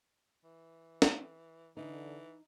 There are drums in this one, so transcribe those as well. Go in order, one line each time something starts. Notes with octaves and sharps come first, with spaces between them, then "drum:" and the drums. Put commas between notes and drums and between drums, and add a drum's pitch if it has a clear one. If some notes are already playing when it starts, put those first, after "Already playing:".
E3
drum: snare
D3 E3 D#4